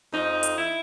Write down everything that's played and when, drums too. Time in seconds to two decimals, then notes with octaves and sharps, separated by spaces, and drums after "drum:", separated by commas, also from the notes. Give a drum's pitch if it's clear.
0.12 F2 D#4
0.43 drum: hi-hat
0.58 E4